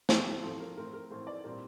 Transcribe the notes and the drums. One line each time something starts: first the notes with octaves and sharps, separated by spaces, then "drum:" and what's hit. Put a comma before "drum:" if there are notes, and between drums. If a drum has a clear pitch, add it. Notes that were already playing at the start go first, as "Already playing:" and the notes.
A2 F3 C4 G4, drum: snare
A2 F3 C4 A4
A#4
A2 A3 C4 A#4
A#4
A2 A3 C4 C5
D5
A#2 G3 C4 A#4